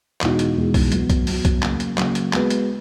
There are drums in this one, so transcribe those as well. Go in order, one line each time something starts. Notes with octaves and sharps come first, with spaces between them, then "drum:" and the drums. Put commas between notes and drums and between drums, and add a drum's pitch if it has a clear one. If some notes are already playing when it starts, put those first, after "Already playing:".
E2 B2 G#3 D#4 F#4, drum: clap
drum: hi-hat
E2 B2 G#3 D#4 F#4
drum: kick C2, open hi-hat
F#3 B3 F#4, drum: hi-hat
drum: kick C2, hi-hat
F#3 B3 F#4, drum: open hi-hat
drum: kick C2, hi-hat
C#3 F#3 A#3, drum: clap
drum: hi-hat
C#3 F#3 A#3, drum: clap
drum: hi-hat
G#3 B3 F#4 B4, drum: clap
drum: hi-hat